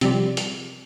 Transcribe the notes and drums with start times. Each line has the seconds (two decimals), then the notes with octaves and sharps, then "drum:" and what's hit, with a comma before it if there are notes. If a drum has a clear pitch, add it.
0.01 C3 F3 G3, drum: hi-hat
0.37 drum: hi-hat